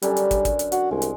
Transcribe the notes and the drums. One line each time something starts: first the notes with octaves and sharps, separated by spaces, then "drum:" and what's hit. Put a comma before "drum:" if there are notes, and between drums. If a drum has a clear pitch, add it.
F#2 D3 G3 C#4, drum: hi-hat
drum: hi-hat
drum: kick, hi-hat
drum: kick, hi-hat
drum: hi-hat
F#4, drum: hi-hat
C2 G#3
drum: hi-hat